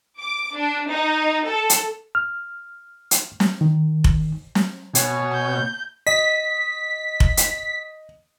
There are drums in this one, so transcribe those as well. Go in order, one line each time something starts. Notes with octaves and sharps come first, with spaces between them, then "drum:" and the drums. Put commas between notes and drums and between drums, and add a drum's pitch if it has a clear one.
D6
D4
D#4
A4
drum: hi-hat
F6
drum: hi-hat
drum: snare
D#3
drum: kick F1
drum: snare
B2 C#5 G#5, drum: hi-hat
G6
D#5 B6
drum: kick F1
drum: hi-hat